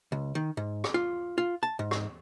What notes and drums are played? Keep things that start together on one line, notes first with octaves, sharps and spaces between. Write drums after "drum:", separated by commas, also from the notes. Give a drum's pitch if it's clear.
C#2
D#3
G#2
drum: rim click
F4
F4
A5
G#2
drum: rim click